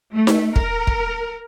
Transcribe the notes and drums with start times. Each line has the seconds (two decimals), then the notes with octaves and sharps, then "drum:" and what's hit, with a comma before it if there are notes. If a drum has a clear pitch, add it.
0.14 A3
0.27 drum: snare D#4
0.56 A#4, drum: kick
0.87 drum: kick